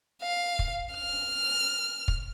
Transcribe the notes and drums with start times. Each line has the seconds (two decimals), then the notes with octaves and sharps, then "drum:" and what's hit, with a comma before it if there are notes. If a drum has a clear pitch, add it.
0.22 F5
0.59 drum: kick
0.94 F6
2.08 drum: kick